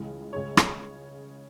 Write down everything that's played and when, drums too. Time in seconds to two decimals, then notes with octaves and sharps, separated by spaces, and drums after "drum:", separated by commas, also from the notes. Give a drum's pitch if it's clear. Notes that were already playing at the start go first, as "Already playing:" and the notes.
Already playing: C#2 C#3 E3 G#3
0.33 C#2 C#3 G#3 C#4 C#5
0.57 drum: rim click